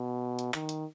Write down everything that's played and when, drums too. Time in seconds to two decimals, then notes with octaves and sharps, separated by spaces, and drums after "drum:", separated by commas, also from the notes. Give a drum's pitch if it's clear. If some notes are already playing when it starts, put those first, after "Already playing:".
Already playing: B2
0.39 drum: hi-hat
0.54 D#3, drum: clap
0.69 drum: hi-hat